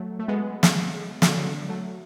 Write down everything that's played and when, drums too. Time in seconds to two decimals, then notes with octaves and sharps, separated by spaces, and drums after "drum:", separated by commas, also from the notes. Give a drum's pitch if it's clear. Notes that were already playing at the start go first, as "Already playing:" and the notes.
Already playing: F#3 A3
0.19 A3
0.28 G#3 B3
0.63 drum: snare
1.22 D3 F#3, drum: snare
1.69 F#3 A3